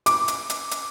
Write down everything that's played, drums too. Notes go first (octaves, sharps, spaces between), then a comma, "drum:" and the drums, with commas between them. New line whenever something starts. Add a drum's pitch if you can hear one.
D6, drum: hi-hat
drum: hi-hat
drum: hi-hat
drum: hi-hat